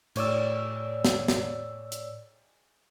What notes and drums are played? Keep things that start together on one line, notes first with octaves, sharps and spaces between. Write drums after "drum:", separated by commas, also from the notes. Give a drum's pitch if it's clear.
A2 C#5 D5 E6, drum: cymbal
drum: snare
drum: snare
drum: hi-hat